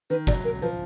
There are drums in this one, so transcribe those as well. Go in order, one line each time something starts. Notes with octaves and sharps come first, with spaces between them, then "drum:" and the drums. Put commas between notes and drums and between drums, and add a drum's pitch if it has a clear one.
D#3 B4
F#3 D5, drum: kick, hi-hat
A#4
F3 B4